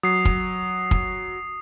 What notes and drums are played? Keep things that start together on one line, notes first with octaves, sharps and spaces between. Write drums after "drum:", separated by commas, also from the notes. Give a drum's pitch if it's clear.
F#3 D#6 C7
drum: kick
drum: kick